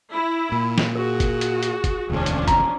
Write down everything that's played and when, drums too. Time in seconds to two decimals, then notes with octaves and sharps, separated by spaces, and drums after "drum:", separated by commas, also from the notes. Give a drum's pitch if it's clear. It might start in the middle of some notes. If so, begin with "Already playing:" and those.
0.12 E4 B5
0.52 A#2
0.78 drum: snare
0.95 F#4 G#4 A#4
1.20 drum: kick, hi-hat
1.41 drum: hi-hat
1.63 drum: hi-hat
1.84 drum: kick, hi-hat
2.10 E1 D2 F3 C#4 D4
2.26 drum: hi-hat
2.48 A#5, drum: kick, hi-hat